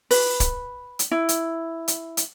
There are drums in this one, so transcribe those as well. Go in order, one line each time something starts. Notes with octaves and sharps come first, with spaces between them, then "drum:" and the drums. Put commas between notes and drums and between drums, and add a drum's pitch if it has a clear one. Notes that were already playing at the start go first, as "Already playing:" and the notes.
B4, drum: open hi-hat
drum: kick, hi-hat
drum: hi-hat
E4
drum: hi-hat
drum: hi-hat
drum: hi-hat